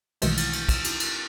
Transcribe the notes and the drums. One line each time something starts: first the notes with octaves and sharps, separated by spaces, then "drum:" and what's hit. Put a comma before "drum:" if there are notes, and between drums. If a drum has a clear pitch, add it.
B1 B2 D#3 E3 G#3 A3, drum: cymbal
drum: cymbal
drum: cymbal
drum: kick, cymbal
drum: cymbal
drum: cymbal